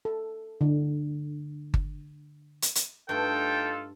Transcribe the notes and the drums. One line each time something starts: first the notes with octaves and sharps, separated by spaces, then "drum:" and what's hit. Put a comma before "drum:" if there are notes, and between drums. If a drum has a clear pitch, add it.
A4
D3
drum: kick G1
drum: hi-hat
drum: hi-hat
G2 A3 D#4 F4 A4 G5